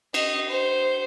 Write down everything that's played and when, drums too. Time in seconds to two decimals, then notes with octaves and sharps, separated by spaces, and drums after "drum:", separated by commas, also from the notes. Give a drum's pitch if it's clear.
0.14 D#5, drum: cymbal
0.49 C5